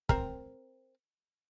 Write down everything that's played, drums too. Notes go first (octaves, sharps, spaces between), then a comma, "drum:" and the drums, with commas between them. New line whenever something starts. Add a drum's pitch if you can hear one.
C4 A#4, drum: kick